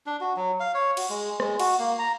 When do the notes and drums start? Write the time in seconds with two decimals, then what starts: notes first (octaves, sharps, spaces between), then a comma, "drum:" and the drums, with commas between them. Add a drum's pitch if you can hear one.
0.06 D4
0.21 F#4
0.36 F#3
0.60 F5
0.74 C#5
0.97 F#4, drum: cymbal
1.10 G#3
1.40 G#3, drum: rim click
1.59 F#4, drum: cymbal
1.79 A#3
1.99 A#5